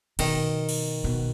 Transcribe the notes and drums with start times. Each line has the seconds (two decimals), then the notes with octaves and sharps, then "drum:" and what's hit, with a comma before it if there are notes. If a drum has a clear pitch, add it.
0.19 B2 D#3, drum: cymbal
0.69 drum: cymbal
1.04 B2